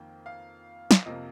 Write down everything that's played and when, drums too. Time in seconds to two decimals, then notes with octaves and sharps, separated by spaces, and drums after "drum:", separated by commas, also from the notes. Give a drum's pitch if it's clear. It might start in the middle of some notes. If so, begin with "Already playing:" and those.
Already playing: F2 D#3 A#3 G5
0.26 F5
0.91 drum: snare
1.05 F2 C3 F3 A#3 D#5